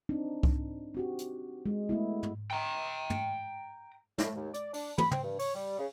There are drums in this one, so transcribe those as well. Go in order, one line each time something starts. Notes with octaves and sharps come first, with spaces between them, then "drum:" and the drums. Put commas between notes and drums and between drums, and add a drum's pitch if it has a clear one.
C4 D4 D#4
drum: kick C2
C4 F#4 G4
drum: hi-hat
G#3
A3 B3 E4
drum: tom
G5 A#5
drum: tom
A2, drum: snare
D#2
D5, drum: hi-hat
D4, drum: open hi-hat
B5, drum: tom
C4, drum: tom
G2
C#5, drum: open hi-hat
G3
C#3